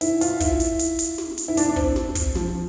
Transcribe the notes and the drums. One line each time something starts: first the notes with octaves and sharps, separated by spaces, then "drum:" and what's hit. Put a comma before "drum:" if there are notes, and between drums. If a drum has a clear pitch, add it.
E4, drum: hi-hat
F4, drum: hi-hat
E4, drum: kick, hi-hat
drum: hi-hat
drum: hi-hat
drum: hi-hat
drum: snare
drum: hi-hat
E4
D4, drum: hi-hat
D4
C4, drum: kick
drum: snare
drum: kick, hi-hat
F3, drum: snare